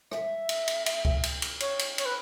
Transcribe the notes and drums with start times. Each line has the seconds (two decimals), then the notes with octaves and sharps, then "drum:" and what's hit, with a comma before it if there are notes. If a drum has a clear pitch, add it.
0.11 E5, drum: rim click
0.49 drum: cymbal
0.68 drum: cymbal
0.86 drum: cymbal
1.05 drum: kick C#2
1.23 drum: cymbal
1.42 drum: cymbal
1.60 C#5, drum: cymbal
1.79 drum: cymbal
1.98 C#5, drum: cymbal
2.05 B4